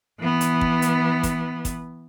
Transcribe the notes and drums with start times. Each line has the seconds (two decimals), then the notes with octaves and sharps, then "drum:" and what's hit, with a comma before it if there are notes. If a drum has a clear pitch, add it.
0.20 E3 B3
0.41 drum: hi-hat
0.61 drum: kick
0.82 drum: hi-hat
1.23 drum: kick, hi-hat
1.65 drum: kick, hi-hat